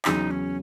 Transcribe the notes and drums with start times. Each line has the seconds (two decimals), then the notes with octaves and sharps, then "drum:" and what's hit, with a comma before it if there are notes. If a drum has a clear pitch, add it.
0.05 E2 C#3 F#3 D#4, drum: clap
0.31 C#4